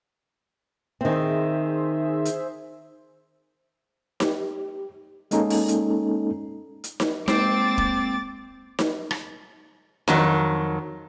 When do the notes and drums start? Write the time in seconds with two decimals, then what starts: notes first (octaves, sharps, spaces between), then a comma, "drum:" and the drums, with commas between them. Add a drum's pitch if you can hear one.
1.01 D#3 C4 G#4 C5 E5
2.25 drum: hi-hat
4.20 G4, drum: snare D#4
5.31 G#3 A#3 C#4 D#4 A4, drum: hi-hat
5.50 drum: open hi-hat
5.68 drum: hi-hat
6.84 drum: hi-hat
7.00 drum: snare D#4
7.28 G#3 A#3 C4 D6 A6, drum: snare D#4
7.78 drum: kick
8.79 drum: snare D#4
9.11 drum: rim click
10.08 F2 D#3 F#3, drum: snare D#4